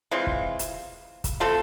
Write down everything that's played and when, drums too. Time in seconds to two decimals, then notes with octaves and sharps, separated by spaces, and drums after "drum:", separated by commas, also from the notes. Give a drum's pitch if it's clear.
0.11 E3 G#3 C4 F4
0.27 drum: kick
0.59 drum: hi-hat
1.24 drum: kick, hi-hat
1.40 A3 C4 F4 A4